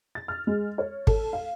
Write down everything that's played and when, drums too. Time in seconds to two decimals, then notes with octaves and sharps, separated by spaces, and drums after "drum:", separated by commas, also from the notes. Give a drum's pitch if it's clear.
0.15 A6
0.28 F6
0.47 G#3
0.78 C#5
1.07 A4, drum: kick G#1
1.33 F5